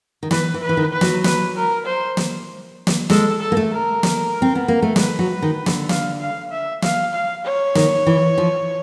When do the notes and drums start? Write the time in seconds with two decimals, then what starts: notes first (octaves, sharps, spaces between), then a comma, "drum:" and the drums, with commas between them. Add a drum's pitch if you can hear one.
0.23 D#3
0.31 E3 B4, drum: snare
0.54 E3
0.62 B4
0.69 E3
0.77 D#3
0.93 B4
1.01 F#3, drum: snare
1.24 B4, drum: snare
1.55 A#4
1.86 C5
2.17 drum: snare
2.87 drum: snare
3.09 G#3 A4, drum: snare
3.40 A4
3.52 A#3
3.57 A3
3.72 A#4
4.03 drum: snare
4.42 C4
4.55 B3
4.68 A#3
4.82 A3
4.96 G#3 B4, drum: snare
5.19 F#3
5.42 D#3
5.66 D3, drum: snare
5.89 F5, drum: snare
6.20 F5
6.51 E5
6.82 F5, drum: snare
7.13 F5
7.44 C#5
7.75 D#3, drum: snare
8.06 E3
8.38 F3